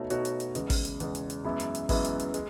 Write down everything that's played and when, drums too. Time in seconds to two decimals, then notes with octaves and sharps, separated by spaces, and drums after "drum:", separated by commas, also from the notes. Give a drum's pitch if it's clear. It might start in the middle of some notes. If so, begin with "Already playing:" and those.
Already playing: B2 A3 D#4 F#4 C#5
0.10 B2 A3 D#4 F#4 C#5, drum: hi-hat
0.25 drum: hi-hat
0.40 drum: hi-hat
0.55 E2 C#3 G#3, drum: hi-hat
0.70 drum: kick, open hi-hat
0.85 drum: hi-hat
1.00 E2 C#3 G#3, drum: hi-hat
1.15 drum: hi-hat
1.30 drum: hi-hat
1.44 F#2 E3 G#3 B3 E4
1.60 drum: hi-hat
1.75 drum: hi-hat
1.89 F#2 E3 G#3 B3 E4, drum: kick, open hi-hat
2.05 drum: hi-hat
2.20 drum: hi-hat
2.34 G#3, drum: hi-hat